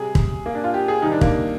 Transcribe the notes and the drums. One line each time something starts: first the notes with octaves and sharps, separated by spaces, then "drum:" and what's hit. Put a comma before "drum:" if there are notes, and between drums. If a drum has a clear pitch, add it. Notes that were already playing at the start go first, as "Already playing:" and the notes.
Already playing: C3 G3 G#4
drum: kick
A#3
D4
F4
G4
G#4
C3 D#3 G3 D#4
D4
A#3, drum: kick